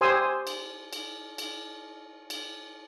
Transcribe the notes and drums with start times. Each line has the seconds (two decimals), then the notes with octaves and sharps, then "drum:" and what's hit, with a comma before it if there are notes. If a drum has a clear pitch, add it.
0.01 G4 C5 G#5 C6 D#6 E6
0.47 drum: cymbal
0.93 drum: cymbal
1.38 drum: cymbal
2.30 drum: cymbal